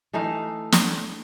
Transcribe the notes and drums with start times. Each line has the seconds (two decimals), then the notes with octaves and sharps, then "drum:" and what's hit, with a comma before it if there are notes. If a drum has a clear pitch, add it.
0.13 E3 A3 D#4 F5
0.72 drum: snare